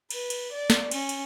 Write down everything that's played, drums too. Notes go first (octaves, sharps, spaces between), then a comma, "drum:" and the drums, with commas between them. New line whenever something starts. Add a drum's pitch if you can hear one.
B4, drum: cymbal
drum: cymbal
D5
drum: snare
C#4, drum: cymbal
drum: cymbal